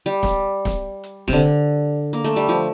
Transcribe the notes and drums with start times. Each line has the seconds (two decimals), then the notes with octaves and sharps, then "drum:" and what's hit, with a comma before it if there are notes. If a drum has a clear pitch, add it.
0.06 G3
0.23 drum: snare
0.65 drum: snare
1.04 drum: hi-hat
1.28 C3, drum: snare
1.33 D3
2.13 A#3, drum: hi-hat
2.24 A3
2.36 G3
2.48 F3